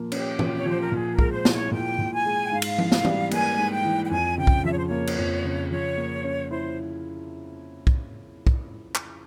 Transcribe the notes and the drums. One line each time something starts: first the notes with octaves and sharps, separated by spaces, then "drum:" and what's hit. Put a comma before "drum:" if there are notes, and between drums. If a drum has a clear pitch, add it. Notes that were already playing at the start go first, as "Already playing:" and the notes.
Already playing: A#2 F3 A#3
C#4 G4, drum: cymbal
A#2, drum: tom E3
C#5
F3 C5
A#4
A#2 G#4
A#4
G#3, drum: kick
C5
E4, drum: snare
C#5
A#2 G5
A#2
G#5
G#3
G5
G#2 F5
drum: cymbal
E3, drum: tom F3
drum: snare
G3, drum: tom E3
A#3 G#5, drum: cymbal
G#2
G5
E3
G5
F2 G#5
C#3 G5
drum: kick
F3 E5
C#5
C5
A#3 C#5
drum: cymbal
F2
C#3
F3 C#5
A#3
C#4
E4 C5
drum: kick
drum: kick
drum: clap